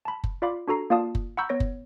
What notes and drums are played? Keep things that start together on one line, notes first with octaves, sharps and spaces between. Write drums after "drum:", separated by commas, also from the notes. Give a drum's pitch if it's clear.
A5 B5
drum: kick F#1
F4 D5 F5 B5 D6
D4 F#4 A4 A#5 C7
A#3 F4 D5 F5 A5 D#6
drum: kick F#1
F#5 A#5 B5 C#6 E6 G6
B3 C#5 A#6
drum: kick F#1